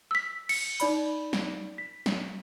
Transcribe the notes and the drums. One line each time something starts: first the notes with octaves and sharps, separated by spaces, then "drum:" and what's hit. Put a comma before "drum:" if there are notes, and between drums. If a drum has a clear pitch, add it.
E6 B6
C#7, drum: cymbal
D#4 D5 B5, drum: hi-hat
drum: snare
B6
drum: snare